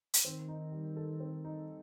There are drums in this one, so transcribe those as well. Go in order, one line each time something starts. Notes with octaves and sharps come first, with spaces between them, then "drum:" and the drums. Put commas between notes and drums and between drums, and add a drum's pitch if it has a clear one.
drum: hi-hat
D#3 C4
D#4
G3
A4
C4
D#4